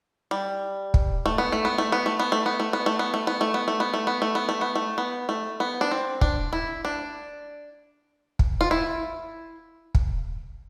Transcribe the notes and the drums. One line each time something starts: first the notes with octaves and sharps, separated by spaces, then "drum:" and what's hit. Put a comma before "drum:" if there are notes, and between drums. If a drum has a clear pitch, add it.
G3
drum: kick
A3
B3
A3
B3
A3
B3
A3
B3
A3
B3
A3
B3
A3
B3
A3
B3
A3
B3
A3
B3
A3
B3
A3
B3
A3
B3
A3
B3
A3
B3
D4
C4
D4, drum: kick
E4
D4
drum: kick
F4
E4
drum: kick